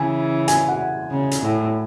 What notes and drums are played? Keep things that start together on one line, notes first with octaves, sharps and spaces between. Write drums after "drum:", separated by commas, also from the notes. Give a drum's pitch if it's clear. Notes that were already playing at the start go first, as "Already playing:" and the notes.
Already playing: C#3 E3 G#5
G#5, drum: hi-hat
F#5
C#3
drum: hi-hat
A2